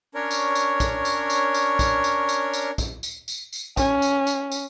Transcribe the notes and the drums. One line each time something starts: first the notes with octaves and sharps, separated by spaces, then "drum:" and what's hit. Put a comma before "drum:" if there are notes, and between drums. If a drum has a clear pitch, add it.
C#4 D4 A#4 C#5
drum: tambourine
drum: tambourine
drum: kick, tambourine
drum: tambourine
drum: tambourine
drum: tambourine
drum: kick, tambourine
drum: tambourine
drum: tambourine
drum: tambourine
drum: kick, tambourine
drum: tambourine
drum: tambourine
drum: tambourine
C#4, drum: kick, tambourine
drum: tambourine
drum: tambourine
drum: tambourine